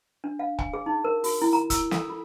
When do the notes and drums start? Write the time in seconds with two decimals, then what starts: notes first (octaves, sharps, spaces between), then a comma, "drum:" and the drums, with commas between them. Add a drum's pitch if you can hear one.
0.24 D4
0.39 F5
0.59 G#5, drum: kick E1
0.74 G#4
0.86 D#4
1.04 A#4
1.24 F#4, drum: open hi-hat
1.42 E4
1.53 A#5
1.70 E6, drum: kick E1, hi-hat
1.91 A4, drum: snare
2.10 F4